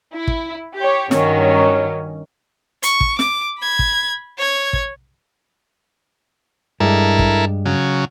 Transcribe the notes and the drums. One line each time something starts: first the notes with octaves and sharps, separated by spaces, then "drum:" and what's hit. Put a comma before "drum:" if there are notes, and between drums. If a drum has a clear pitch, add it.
E4
drum: kick
G4 C#5
G2 D#3 F#3 C#4, drum: snare
C#6, drum: hi-hat
drum: kick
D6, drum: snare
B5 G#6
drum: kick
C#5 G#6
drum: kick
G2 G#3 E4 A4 A#4
drum: kick
C#3 F#3